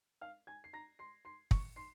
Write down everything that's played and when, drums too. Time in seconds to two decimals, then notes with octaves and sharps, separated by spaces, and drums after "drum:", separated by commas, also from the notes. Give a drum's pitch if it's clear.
0.21 F5 F6
0.47 G#5 G#6
0.64 C7
0.73 A#5 A#6
0.99 C6 C7
1.25 C6 C7
1.51 C#6 C#7, drum: kick
1.76 C6 C7